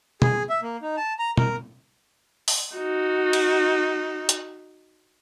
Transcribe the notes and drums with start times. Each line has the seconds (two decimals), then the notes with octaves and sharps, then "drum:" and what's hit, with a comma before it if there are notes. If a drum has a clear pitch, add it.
0.22 G#4, drum: tom
0.50 E5
0.62 A#3
0.82 D#4
0.97 A5
1.19 A#5
1.37 A#4, drum: tom
2.48 drum: open hi-hat
2.76 D#4 F#4
3.33 drum: cymbal
4.29 drum: hi-hat